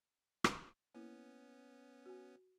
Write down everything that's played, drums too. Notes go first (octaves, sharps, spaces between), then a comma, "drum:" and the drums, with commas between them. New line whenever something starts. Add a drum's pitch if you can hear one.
drum: rim click
A#3 B3 C#4 E4 A#4
F#4 G#5